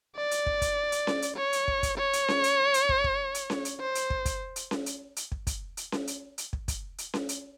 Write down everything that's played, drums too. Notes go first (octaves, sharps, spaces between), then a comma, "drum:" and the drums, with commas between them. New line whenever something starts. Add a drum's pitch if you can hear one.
D5
drum: hi-hat
drum: kick
drum: kick, hi-hat
drum: hi-hat
drum: snare C#4
drum: hi-hat
C#5
drum: hi-hat
drum: kick
drum: kick, hi-hat
C#5
drum: hi-hat
drum: snare C#4
drum: hi-hat
drum: hi-hat
drum: kick
drum: kick
drum: hi-hat
drum: snare C#4
drum: hi-hat
C5
drum: hi-hat
drum: kick
drum: kick, hi-hat
drum: hi-hat
drum: snare C#4
drum: hi-hat
drum: hi-hat
drum: kick
drum: kick, hi-hat
drum: hi-hat
drum: snare C#4
drum: hi-hat
drum: hi-hat
drum: kick
drum: kick, hi-hat
drum: hi-hat
drum: snare C#4
drum: hi-hat